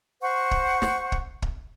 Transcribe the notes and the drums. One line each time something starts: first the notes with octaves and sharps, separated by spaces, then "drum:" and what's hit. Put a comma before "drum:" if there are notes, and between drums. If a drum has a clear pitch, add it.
C5 F#5 C#6
drum: kick
drum: snare
drum: kick
drum: kick